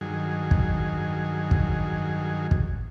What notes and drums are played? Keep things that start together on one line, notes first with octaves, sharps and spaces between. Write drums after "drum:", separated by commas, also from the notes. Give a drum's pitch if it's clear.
G2 D#3 F#3 G#4
drum: kick
drum: kick
drum: kick